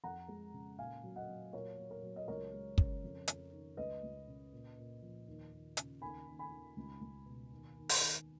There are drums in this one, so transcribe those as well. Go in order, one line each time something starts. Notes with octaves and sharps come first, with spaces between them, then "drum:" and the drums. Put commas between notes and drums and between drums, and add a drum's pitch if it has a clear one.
F2 F#5 A#5
G#3
C#3
A#2 F5 G#5
F#3
D#5 F#5
F#3
A#2 A#4 C#5
F#3
A#4
F#3
D#5
C#2 A#4 C#5
G#3
C#3, drum: kick
F2
F2, drum: hi-hat
D#3
C#2 B4 D#5
C#2
C#3
A#2
A#2
F3
D#2
D#2
C#3, drum: hi-hat
D#2 G#5 B5
D#2
G#5 B5
D#3
C#2
C#2
B2
D#2
D#2
drum: open hi-hat
D#3